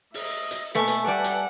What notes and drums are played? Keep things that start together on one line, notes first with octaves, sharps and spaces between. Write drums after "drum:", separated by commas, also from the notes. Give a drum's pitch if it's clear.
D#5 E5, drum: open hi-hat
drum: hi-hat
B2 A3 A#3 A4 B4 G#5 A5
drum: hi-hat
G3 D5 E5 F#5
drum: hi-hat